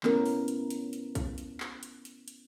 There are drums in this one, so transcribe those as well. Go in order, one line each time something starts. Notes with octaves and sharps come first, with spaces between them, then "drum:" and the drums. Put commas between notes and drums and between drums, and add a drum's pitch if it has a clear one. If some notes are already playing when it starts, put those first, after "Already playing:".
A3 B3 C#4 E4 A#4, drum: clap
drum: open hi-hat
drum: hi-hat
drum: hi-hat
drum: hi-hat
drum: kick B1, hi-hat
drum: hi-hat
drum: clap
drum: hi-hat
drum: hi-hat
drum: hi-hat